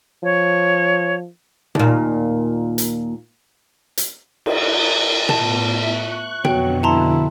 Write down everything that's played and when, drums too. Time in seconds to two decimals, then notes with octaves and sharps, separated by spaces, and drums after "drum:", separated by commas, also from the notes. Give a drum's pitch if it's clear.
0.23 F3 C#5
1.75 D#2 A#2, drum: tom B2
2.78 drum: hi-hat
3.97 drum: hi-hat
4.46 drum: cymbal
5.29 A2 B3 F4 A5, drum: tom B2
5.83 E5 C#6 F#6
6.45 F2 B2 D3 F#3 G5, drum: tom B2
6.83 E4 A5 A#5 C6